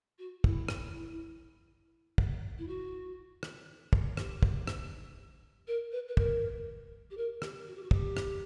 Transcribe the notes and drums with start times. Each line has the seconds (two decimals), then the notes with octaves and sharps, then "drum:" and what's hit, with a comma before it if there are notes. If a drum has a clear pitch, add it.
0.19 F#4
0.44 E4, drum: kick
0.69 drum: rim click
2.18 drum: kick
2.58 E4
2.67 F#4
3.43 drum: rim click
3.93 drum: kick
4.17 G4, drum: rim click
4.43 drum: kick
4.67 drum: rim click
5.67 A#4
5.92 B4
6.08 B4
6.17 A#4, drum: kick
7.11 G4
7.17 A#4
7.42 G4, drum: rim click
7.67 F#4
7.75 G4
7.83 F#4
7.91 G4, drum: kick
8.17 drum: rim click